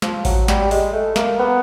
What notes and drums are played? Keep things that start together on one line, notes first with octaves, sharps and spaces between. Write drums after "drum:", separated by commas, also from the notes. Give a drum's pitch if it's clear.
F3, drum: snare
F#3, drum: kick A1, open hi-hat
G3, drum: snare
G#3, drum: open hi-hat
A3
A#3, drum: snare
B3